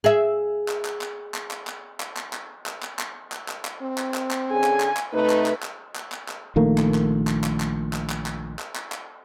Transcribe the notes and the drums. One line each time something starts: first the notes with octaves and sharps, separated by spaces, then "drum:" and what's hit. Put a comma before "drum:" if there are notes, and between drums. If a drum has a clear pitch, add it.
G#4 E5
drum: clap
drum: clap
drum: clap
drum: clap
drum: clap
drum: clap
drum: clap
drum: clap
drum: clap
drum: clap
drum: clap
drum: clap
drum: clap
drum: clap
drum: clap
C4
drum: clap
drum: clap
drum: clap
D3 C#4 G#4 G#5
drum: clap
drum: clap
drum: clap
C3 A3 D#4 B4
drum: clap
drum: clap
drum: clap
drum: clap
drum: clap
drum: clap
A#1 D#3 A3 A#3
drum: clap
drum: clap
drum: clap
drum: clap
drum: clap
drum: clap
drum: clap
drum: clap
drum: clap
drum: clap
drum: clap